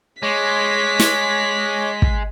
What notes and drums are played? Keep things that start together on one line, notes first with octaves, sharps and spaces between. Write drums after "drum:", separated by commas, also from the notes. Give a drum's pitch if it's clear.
G#3 C#5 D6 B6
drum: snare
drum: kick